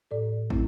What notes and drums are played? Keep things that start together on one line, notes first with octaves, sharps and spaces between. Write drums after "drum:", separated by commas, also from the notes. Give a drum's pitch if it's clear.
A2 A4 D5
A3 C4 E4, drum: kick